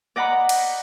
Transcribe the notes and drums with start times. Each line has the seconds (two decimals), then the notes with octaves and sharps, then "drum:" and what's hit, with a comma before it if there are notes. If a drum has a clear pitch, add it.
0.16 D5 D#5 F#5 A#5 B5
0.49 drum: cymbal